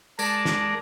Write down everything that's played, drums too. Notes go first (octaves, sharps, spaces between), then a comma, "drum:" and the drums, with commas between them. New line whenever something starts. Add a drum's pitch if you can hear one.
G#3 A#4 D5 A5, drum: tambourine
drum: snare